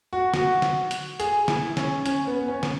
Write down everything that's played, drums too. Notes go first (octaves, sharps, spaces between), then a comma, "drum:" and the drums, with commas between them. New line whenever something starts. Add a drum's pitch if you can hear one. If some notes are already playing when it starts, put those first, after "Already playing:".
F#4
F#4, drum: snare
drum: snare
drum: hi-hat
G#4, drum: hi-hat
E4, drum: snare
C#4, drum: snare
C#4, drum: hi-hat
B3
B3
C#4
drum: snare